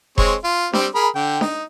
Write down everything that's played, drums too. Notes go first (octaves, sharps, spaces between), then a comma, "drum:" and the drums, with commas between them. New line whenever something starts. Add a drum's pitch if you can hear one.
G#3 C4 C#5, drum: kick F1
F4
G3 C4, drum: snare D4
G#4 A#4 B5
D3 G5
D#4, drum: snare D4